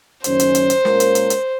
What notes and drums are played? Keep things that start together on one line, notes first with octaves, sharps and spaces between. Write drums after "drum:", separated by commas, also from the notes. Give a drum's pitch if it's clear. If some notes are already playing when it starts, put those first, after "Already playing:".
F#1 F#2 D#3 F#3 C#4 C5, drum: hi-hat
drum: hi-hat
drum: hi-hat
drum: hi-hat
A#2 G#3 C#4 F4 A#4, drum: snare
drum: hi-hat
drum: hi-hat
drum: hi-hat